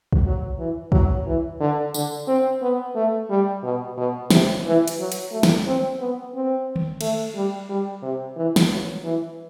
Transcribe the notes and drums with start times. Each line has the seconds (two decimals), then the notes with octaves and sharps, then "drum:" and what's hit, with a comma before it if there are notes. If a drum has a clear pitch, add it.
0.13 drum: kick
0.25 F#3
0.58 E3
0.92 F#3, drum: kick
1.26 E3
1.60 D3
1.94 D3, drum: tambourine
2.27 C4
2.62 B3
2.95 A3
3.30 G3
3.63 B2
3.97 B2
4.31 C3, drum: snare
4.65 E3
4.88 drum: hi-hat
4.99 F#3
5.12 drum: hi-hat
5.31 A3
5.43 drum: snare
5.66 C4
5.99 B3
6.34 C4
6.76 drum: tom D#3
7.01 A3, drum: cymbal
7.35 G3
7.69 G3
8.02 C3
8.36 E3
8.56 drum: snare
8.71 F#3
9.04 E3